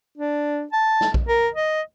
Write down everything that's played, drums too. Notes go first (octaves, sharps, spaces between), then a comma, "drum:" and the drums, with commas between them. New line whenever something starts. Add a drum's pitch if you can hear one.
D4
A5
drum: snare
drum: kick A#1
A#4
D#5